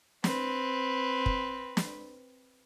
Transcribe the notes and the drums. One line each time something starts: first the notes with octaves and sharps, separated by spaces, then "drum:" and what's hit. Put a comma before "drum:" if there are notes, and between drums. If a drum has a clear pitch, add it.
C4 B4, drum: snare
drum: kick
drum: snare